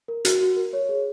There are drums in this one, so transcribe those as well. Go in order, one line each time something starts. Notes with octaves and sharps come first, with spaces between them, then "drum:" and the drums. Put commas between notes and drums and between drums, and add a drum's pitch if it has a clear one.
A#4
F#4, drum: hi-hat
F#4
A#4
C#5
G#4